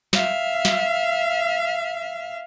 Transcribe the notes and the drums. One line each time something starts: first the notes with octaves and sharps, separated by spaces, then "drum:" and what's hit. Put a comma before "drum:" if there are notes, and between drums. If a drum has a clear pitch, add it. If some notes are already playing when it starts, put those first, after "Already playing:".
E5 F5, drum: snare
drum: snare